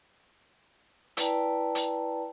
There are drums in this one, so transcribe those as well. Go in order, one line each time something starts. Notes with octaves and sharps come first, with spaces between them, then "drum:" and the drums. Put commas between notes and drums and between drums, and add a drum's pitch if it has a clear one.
E4 B4 D5 G5 A5 A#5, drum: hi-hat
drum: hi-hat